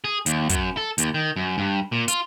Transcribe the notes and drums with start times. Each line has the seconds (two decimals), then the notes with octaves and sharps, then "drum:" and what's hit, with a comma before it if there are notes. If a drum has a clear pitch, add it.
0.04 G#4
0.26 D#2, drum: hi-hat
0.49 F#2, drum: kick, hi-hat
0.77 A4
0.98 D#2, drum: hi-hat
1.14 D#3
1.36 F#2
1.58 G2
1.92 A#2
2.08 F4, drum: hi-hat